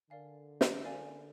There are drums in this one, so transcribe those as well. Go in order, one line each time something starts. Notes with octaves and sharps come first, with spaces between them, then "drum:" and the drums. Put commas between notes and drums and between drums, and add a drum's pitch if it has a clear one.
D3 A#4 D5 F5 G#5
drum: snare
A#4 D5 F5 G#5